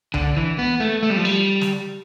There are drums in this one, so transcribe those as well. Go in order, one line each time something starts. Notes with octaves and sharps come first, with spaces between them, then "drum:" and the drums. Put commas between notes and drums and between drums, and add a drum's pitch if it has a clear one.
D3, drum: tom C2
E3
B3
A3
A3
G3
F3
G3
drum: snare